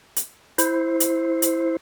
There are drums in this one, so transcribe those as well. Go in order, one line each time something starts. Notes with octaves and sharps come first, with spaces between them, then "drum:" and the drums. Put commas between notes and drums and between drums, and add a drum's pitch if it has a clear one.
drum: hi-hat
E4 C5, drum: hi-hat
drum: hi-hat
drum: hi-hat